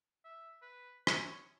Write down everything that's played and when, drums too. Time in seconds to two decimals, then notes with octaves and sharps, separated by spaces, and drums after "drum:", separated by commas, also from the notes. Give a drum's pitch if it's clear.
0.24 E5
0.62 B4
1.07 C#5, drum: rim click